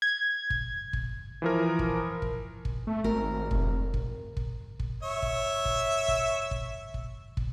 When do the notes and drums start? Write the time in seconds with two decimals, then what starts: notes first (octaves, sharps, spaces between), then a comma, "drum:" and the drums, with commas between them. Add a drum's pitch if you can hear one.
0.02 G#6
0.50 drum: kick
0.93 drum: kick
1.42 E3 F3 A#4
1.79 drum: kick
2.22 drum: kick
2.65 drum: kick
2.87 A3
3.04 G#1 A#4
3.51 F1, drum: kick
3.94 drum: kick
4.37 drum: kick
4.80 drum: kick
5.03 C#5 E5
5.22 drum: kick
5.65 drum: kick
6.08 drum: kick
6.51 drum: kick
6.94 drum: kick
7.37 drum: kick